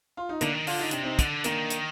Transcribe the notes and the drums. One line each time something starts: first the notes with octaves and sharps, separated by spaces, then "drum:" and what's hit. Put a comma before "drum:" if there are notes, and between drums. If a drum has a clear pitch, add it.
F4
D#4
D3 A#3 D4, drum: hi-hat
D#3
D3 F4, drum: open hi-hat
D#4
C3 D4, drum: hi-hat
C4 D#4
D3, drum: kick, hi-hat
D#3 A#3 D4, drum: hi-hat
drum: hi-hat